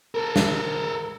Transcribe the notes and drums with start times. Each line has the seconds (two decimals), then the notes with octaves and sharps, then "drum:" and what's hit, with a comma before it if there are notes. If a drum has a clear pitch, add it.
0.15 A4 A#4
0.36 drum: snare